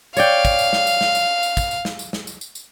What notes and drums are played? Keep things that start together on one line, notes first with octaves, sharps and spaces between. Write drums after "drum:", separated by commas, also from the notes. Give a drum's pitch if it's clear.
C#5 D5 F5 G5, drum: tambourine
drum: kick, tambourine
drum: tambourine
drum: snare
drum: tambourine
drum: snare
drum: tambourine
drum: tambourine
drum: kick, tambourine
drum: tambourine
drum: snare
drum: tambourine
drum: snare
drum: tambourine
drum: tambourine
drum: tambourine